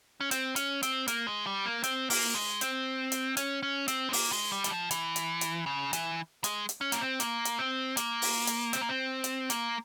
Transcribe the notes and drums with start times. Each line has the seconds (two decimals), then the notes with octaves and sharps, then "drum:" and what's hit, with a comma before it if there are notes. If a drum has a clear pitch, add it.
0.21 C#4
0.31 C4, drum: hi-hat
0.56 C#4, drum: hi-hat
0.83 C4, drum: hi-hat
1.08 A#3, drum: hi-hat
1.27 G#3
1.46 G3
1.65 A#3
1.83 C4, drum: hi-hat
2.10 A#3, drum: open hi-hat
2.35 G#3
2.61 C4, drum: hi-hat
3.12 drum: hi-hat
3.37 C#4, drum: hi-hat
3.63 C#4
3.88 C4, drum: hi-hat
4.09 G#3
4.13 A#3, drum: open hi-hat
4.32 G#3
4.52 G3
4.64 E3, drum: hi-hat
4.71 F3
4.91 E3, drum: hi-hat
5.16 drum: hi-hat
5.41 drum: hi-hat
5.66 C#3
5.93 E3, drum: hi-hat
6.44 G#3, drum: hi-hat
6.69 drum: hi-hat
6.81 C#4
6.92 A#3, drum: hi-hat
7.01 C4
7.20 A#3, drum: hi-hat
7.45 drum: hi-hat
7.59 C4
7.97 A#3, drum: hi-hat
8.22 drum: open hi-hat
8.47 drum: hi-hat
8.73 C4, drum: hi-hat
8.81 A#3
8.89 C4
9.24 drum: hi-hat
9.50 A#3, drum: hi-hat